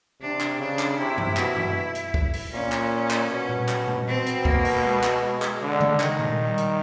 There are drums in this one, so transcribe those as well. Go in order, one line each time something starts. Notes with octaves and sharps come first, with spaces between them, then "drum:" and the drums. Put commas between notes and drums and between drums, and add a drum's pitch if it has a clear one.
C3 D4
drum: clap
C#3 D4
drum: clap
C3 E4
drum: tom
B2, drum: clap
drum: tom
drum: hi-hat
drum: kick
drum: open hi-hat
A#2 C#4
drum: clap
drum: clap
B2
drum: tom A#2
drum: clap
drum: tom A#2
B2 C4
drum: hi-hat
A#3, drum: kick
drum: open hi-hat
G#3
drum: clap
drum: clap
D3
drum: tom C#3
D#3, drum: clap
drum: tom A#2
G3
drum: hi-hat